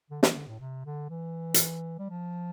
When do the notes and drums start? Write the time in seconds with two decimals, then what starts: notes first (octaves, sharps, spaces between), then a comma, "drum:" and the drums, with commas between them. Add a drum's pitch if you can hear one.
0.10 D3
0.23 E3, drum: snare
0.35 D3
0.47 A2
0.60 C3
0.85 D3
1.10 E3
1.54 drum: hi-hat
1.99 G3
2.09 F3